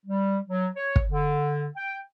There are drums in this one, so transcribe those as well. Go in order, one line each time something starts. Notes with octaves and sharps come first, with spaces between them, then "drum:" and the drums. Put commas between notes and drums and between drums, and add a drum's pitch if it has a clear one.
G3
F#3
C#5
drum: kick
D3
G5